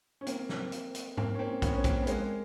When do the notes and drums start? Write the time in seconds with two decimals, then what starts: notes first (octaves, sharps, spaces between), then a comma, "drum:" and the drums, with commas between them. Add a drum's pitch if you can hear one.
0.21 C#4
0.27 A#3 C4, drum: hi-hat
0.49 drum: snare
0.72 drum: hi-hat
0.95 drum: hi-hat
1.17 A#3 C4, drum: tom G#2
1.34 C#4
1.39 A#3 C4
1.62 B3 C#4, drum: kick, hi-hat
1.75 C#4
1.84 A#3 C4, drum: kick, hi-hat
2.02 B3
2.07 G#3 A#3, drum: hi-hat